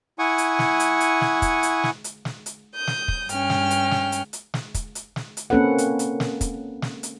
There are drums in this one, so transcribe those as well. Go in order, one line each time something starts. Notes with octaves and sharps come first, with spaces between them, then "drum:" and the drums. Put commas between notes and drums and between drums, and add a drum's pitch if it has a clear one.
E4 F#5 G#5 C#6 D#6
drum: hi-hat
drum: snare
drum: hi-hat
drum: hi-hat
drum: snare
drum: kick, hi-hat
drum: hi-hat
drum: snare
drum: hi-hat
drum: snare
drum: hi-hat
D#6 G6
drum: snare
drum: kick
G2 C#4 G5 F6, drum: hi-hat
drum: snare
drum: hi-hat
drum: snare
drum: hi-hat
drum: hi-hat
drum: snare
drum: kick, hi-hat
drum: hi-hat
drum: snare
drum: hi-hat
A#3 C4 C#4 A4 B4 F#5
drum: hi-hat
drum: hi-hat
drum: snare
drum: kick, hi-hat
drum: snare
drum: hi-hat